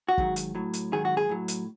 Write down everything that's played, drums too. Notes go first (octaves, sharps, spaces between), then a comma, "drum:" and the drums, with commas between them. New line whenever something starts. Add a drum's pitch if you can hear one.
F#4
G#2 D#3 F#3, drum: kick
drum: hi-hat
A2 F#3
drum: hi-hat
G#2 D#3 F#3 G#4
F#4
G#4
A2 F#3
drum: hi-hat